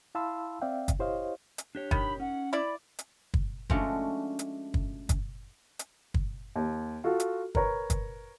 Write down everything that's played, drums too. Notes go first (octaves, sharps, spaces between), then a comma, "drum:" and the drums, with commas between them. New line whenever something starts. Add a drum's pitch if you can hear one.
E4 F5 A5 B5 C6 E6
C4 D5 E5 F5 G5
drum: kick, hi-hat
E4 G4 C5 C#5 D#5 F5
drum: hi-hat
D4 G4 C#5
D#3 B5, drum: kick
C#4 F#5
E4 D5 B5
drum: hi-hat
drum: kick
F3 G#3 A3 C#4 D4 F#4, drum: kick
drum: hi-hat
drum: kick
drum: kick, hi-hat
drum: hi-hat
drum: kick
D#2
F4 F#4 A4
drum: hi-hat
A#4 B4 C#5 A#5, drum: kick
drum: kick, hi-hat